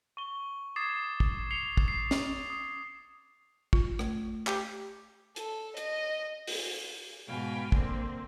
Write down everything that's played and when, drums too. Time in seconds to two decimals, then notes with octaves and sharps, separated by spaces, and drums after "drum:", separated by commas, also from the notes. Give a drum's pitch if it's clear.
0.17 C#6 G7
0.76 D6 D#6 G#6 A6 C7 E7
1.20 drum: kick
1.51 C7 C#7 F7 G7
1.77 drum: kick
1.88 C7
2.11 drum: snare
2.50 D#6
3.73 F4, drum: kick
3.99 A3, drum: rim click
4.47 G4, drum: clap
5.36 A4, drum: hi-hat
5.77 D#5, drum: hi-hat
6.47 drum: open hi-hat
7.27 G#2 B2 F5 G5 G#5
7.72 D3 A#3 C4, drum: kick